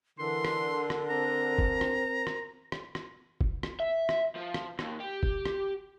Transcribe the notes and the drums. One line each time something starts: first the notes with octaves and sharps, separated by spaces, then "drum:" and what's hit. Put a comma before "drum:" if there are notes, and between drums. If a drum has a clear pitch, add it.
D3 E3 A#4 C6
drum: rim click
drum: rim click
C4 A#5
drum: kick
drum: rim click
drum: rim click
drum: rim click
drum: rim click
drum: kick
drum: rim click
E5
drum: rim click
F3
drum: rim click
D#2, drum: rim click
G4
drum: kick
drum: rim click